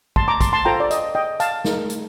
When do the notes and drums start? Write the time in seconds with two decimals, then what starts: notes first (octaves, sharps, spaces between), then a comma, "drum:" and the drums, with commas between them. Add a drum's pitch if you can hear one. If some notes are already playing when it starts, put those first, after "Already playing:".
0.16 A5 C6, drum: kick
0.28 A#5 D6
0.41 A5 C6, drum: kick, hi-hat
0.53 A5 C6
0.65 F4 A4 C5 G5 A#5
0.80 D5
0.91 D#5, drum: hi-hat
1.15 D#5 G5
1.40 F5 A5, drum: hi-hat
1.64 D#4 A#4, drum: snare
1.90 drum: hi-hat